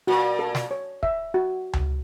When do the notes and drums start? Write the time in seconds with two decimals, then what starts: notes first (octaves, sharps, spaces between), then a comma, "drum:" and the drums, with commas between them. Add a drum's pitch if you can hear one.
0.07 A#2 F#4
0.39 A4
0.55 drum: snare
0.71 C#5
1.03 E5, drum: kick
1.34 F#4
1.73 drum: tom C#2